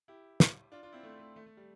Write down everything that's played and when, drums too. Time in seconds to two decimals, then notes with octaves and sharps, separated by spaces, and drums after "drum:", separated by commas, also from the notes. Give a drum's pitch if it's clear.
0.08 E4 G4
0.40 drum: snare
0.72 D4 F4
0.83 D4 F4
0.93 C4 E4
1.03 A3 C4
1.20 A3
1.36 A3
1.46 A3
1.57 G3